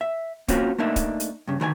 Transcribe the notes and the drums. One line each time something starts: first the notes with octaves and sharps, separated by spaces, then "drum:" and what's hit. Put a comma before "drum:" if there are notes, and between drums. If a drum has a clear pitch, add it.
E5
A#3 C4 C#4 F4 F#4 C5, drum: kick, hi-hat
A3 A#3 D4 D#4 E5
drum: kick, hi-hat
drum: hi-hat
G2 C#3
D2 D#3 B4 G#5